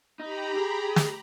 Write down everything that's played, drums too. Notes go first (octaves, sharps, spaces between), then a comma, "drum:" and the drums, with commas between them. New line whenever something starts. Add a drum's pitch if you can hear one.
D#4 G4 A#5 B5
G#4
drum: snare